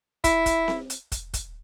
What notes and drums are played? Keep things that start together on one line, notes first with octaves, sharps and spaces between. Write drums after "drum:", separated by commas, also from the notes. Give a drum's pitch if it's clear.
E4, drum: kick, hi-hat
drum: kick, hi-hat
drum: snare C4
drum: hi-hat
drum: kick, hi-hat
drum: kick, hi-hat